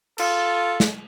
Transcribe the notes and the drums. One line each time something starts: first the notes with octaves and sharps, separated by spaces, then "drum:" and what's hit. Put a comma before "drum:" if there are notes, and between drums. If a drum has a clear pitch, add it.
F4 A4, drum: cymbal
drum: snare